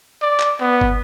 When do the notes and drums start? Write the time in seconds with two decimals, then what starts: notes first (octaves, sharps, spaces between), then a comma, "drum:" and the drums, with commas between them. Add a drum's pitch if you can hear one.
0.22 D5
0.40 drum: clap
0.61 B3
0.81 drum: kick